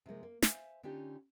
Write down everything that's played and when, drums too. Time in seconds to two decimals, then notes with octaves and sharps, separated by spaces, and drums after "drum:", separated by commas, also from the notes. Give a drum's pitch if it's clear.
0.06 C3 F3 G#3 A#3
0.23 A#3
0.42 C5 E5 F5 G#5, drum: snare
0.83 D3 C#4 D#4 F4 G4